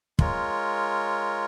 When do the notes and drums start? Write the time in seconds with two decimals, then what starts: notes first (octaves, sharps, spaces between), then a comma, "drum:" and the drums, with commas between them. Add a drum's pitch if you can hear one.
0.19 G#3 F4 A#4 C#5, drum: kick